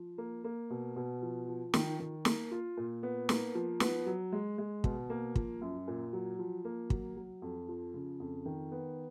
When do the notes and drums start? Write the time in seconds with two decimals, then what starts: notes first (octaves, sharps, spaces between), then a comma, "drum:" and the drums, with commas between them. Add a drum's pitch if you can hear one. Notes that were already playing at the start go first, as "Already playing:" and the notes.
Already playing: F3
0.18 A#3
0.44 A#3
0.70 B2
0.96 B2
1.22 F3
1.48 F3
1.74 D#3, drum: snare
1.99 D#3
2.25 A#3, drum: snare
2.51 F4
2.77 A#2
3.03 B3
3.29 A#3, drum: snare
3.55 F3
3.80 B3, drum: snare
4.06 F#3
4.32 G#3
4.58 G#3
4.84 B2, drum: kick
5.10 A#3
5.36 F3, drum: kick
5.61 F#2
5.88 A#2
6.13 F#3
6.39 F3
6.65 A#3
6.90 F#3, drum: kick
7.17 F#3
7.42 F2
7.68 F3
7.94 C#3
8.20 F2
8.45 D#3
8.72 B3